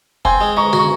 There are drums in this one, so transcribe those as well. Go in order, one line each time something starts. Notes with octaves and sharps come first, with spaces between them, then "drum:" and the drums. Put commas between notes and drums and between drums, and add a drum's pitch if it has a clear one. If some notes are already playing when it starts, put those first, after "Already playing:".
C4 G#5 C6, drum: kick
G#3
G#3 A#5 C#6
F#4, drum: tom D3
C#6